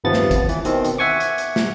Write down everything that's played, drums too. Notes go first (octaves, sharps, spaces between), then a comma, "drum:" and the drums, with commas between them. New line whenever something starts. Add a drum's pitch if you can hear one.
G1 D#2 C3 F3 B3 A6
drum: snare
drum: kick, hi-hat
E3, drum: hi-hat
B2 D#3 C4, drum: hi-hat
drum: hi-hat
E5 F#5 G#5 C#6 D6
drum: hi-hat
drum: hi-hat
drum: snare